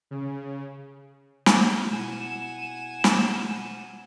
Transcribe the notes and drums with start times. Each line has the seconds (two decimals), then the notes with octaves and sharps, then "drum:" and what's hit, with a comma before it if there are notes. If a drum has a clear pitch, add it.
0.11 C#3
1.46 drum: snare
1.91 B2 E4 F#5 G#5 E7
3.04 drum: snare